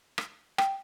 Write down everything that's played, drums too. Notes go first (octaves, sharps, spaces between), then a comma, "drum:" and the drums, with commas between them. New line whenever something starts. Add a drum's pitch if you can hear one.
drum: rim click
G5, drum: rim click